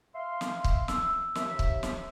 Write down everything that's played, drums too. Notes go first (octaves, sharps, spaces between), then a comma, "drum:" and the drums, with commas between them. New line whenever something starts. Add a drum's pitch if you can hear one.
E5 F5 C6
drum: snare
drum: kick
E6, drum: snare
D#2 E5, drum: snare
drum: kick
drum: snare